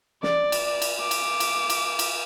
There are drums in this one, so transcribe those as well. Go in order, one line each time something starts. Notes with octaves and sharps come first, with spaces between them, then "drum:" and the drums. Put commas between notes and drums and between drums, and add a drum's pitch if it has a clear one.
D5, drum: snare
drum: cymbal
drum: cymbal
D6
drum: cymbal
drum: cymbal
drum: cymbal
drum: cymbal